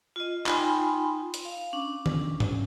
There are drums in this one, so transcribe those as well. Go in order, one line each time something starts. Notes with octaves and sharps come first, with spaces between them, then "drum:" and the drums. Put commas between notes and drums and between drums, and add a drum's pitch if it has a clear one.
F4 D#5
D#4 F4 G5 G#5 B5 C6, drum: clap
drum: hi-hat
F5
C#4 D4
drum: tom D#3
drum: tom G#2